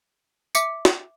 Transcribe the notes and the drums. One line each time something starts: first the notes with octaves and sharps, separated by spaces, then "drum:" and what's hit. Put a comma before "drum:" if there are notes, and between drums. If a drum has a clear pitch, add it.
E5 D6 C#7, drum: tambourine
drum: snare